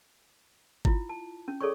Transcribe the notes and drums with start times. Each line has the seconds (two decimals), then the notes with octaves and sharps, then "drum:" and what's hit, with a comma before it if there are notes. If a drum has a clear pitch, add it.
0.85 E4 F4, drum: kick G1
1.09 A5
1.48 C#4
1.61 G#4 A4 C#5 D5 C#6